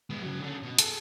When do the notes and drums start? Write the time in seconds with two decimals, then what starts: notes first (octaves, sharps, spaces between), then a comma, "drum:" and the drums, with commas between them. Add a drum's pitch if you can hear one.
0.10 G#3 B3
0.22 C#3 F#3
0.41 D3 C#4
0.63 B2
0.79 G#4 A4, drum: hi-hat